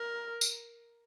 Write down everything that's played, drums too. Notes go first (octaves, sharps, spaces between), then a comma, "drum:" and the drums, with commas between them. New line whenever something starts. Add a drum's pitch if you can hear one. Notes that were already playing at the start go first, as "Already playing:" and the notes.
Already playing: A#4
drum: tambourine